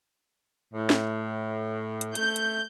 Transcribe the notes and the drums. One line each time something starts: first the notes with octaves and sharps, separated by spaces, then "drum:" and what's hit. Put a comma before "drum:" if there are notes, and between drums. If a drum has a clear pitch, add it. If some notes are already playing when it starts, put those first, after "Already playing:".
A2
drum: snare
drum: hi-hat
A3 G6, drum: hi-hat
drum: hi-hat